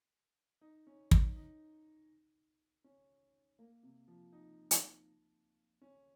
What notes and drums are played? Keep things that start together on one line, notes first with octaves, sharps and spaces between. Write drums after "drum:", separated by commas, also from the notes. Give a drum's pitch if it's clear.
D#4
C#4
D#4, drum: kick
D#4
C#4
A#3
C3
F3
D#4
drum: hi-hat
C#4